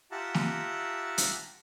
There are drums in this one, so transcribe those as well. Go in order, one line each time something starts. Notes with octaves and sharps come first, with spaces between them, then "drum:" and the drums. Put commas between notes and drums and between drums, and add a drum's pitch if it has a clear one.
F4 G4 E5 F#5 A5 A#5
drum: snare
drum: hi-hat